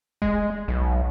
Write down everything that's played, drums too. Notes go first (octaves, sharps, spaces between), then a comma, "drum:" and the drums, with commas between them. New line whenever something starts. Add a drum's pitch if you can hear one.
G#3, drum: kick D#1
B1